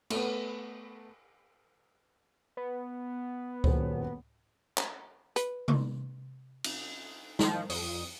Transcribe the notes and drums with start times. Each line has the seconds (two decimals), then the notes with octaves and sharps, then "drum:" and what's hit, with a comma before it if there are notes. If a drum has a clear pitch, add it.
0.10 A3 B3, drum: cymbal
2.57 B3
3.64 D#1 F#2 C5, drum: kick C#2
4.78 drum: clap
5.36 B4, drum: hi-hat
5.68 drum: tom C3
6.64 drum: cymbal
7.39 D#3 F3, drum: snare
7.70 F2 D#6, drum: open hi-hat